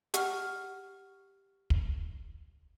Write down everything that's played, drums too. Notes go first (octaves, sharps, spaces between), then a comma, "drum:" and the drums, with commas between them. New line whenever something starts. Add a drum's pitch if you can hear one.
G4 F#5 C#6 F6, drum: hi-hat
drum: kick